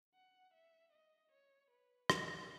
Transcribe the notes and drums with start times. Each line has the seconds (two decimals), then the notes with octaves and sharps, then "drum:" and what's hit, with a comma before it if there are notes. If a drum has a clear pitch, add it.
0.15 F#5
0.54 E5
0.93 D#5
1.32 C#5
1.70 B4
2.10 B4, drum: rim click